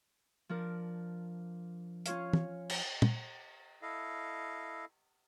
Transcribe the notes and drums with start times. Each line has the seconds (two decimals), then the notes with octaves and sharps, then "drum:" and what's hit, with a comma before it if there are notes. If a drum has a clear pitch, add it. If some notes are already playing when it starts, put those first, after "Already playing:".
0.49 F3 D4 A#4
2.06 C#4 F4 C#5 F5, drum: hi-hat
2.33 drum: tom
2.70 drum: cymbal
3.02 drum: tom
3.82 E4 A4 D#5 F5